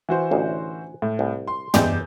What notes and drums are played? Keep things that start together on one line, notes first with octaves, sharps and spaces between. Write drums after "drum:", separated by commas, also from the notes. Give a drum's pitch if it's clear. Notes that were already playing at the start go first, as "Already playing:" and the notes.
E3 F#4 C5
A1 D2
A2
C2
C6
E2 G3 G#3 D6 G6, drum: tom